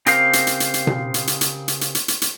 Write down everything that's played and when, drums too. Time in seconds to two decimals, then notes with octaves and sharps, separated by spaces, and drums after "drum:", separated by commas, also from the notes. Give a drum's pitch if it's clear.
0.06 C#3 C4 G4 A#4 C5 F5, drum: hi-hat
0.33 drum: hi-hat
0.47 drum: hi-hat
0.60 drum: hi-hat
0.74 drum: hi-hat
0.87 drum: tom B2
1.14 drum: hi-hat
1.27 drum: hi-hat
1.41 drum: hi-hat
1.68 drum: hi-hat
1.81 drum: hi-hat
1.95 drum: hi-hat
2.08 drum: hi-hat
2.22 drum: hi-hat